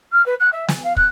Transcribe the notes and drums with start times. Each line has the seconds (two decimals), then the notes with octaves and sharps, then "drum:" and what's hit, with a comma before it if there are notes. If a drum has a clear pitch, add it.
0.12 F6
0.26 B4
0.40 F#6
0.53 E5
0.68 G#5, drum: snare
0.84 F5
0.97 F#6, drum: kick